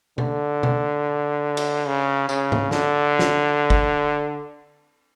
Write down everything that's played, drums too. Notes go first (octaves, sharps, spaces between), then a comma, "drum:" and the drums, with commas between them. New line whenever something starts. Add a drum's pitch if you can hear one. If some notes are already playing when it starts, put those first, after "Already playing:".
D3, drum: tom B2
drum: tom B2
drum: cymbal
C#3
C#3, drum: tambourine
drum: tom G#2
D3, drum: snare
drum: snare
drum: kick